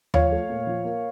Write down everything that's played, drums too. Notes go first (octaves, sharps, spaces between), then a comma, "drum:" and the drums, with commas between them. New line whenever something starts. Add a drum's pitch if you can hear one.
F3 C#5 F5, drum: tom D#2
A3
A#2
F3
A#3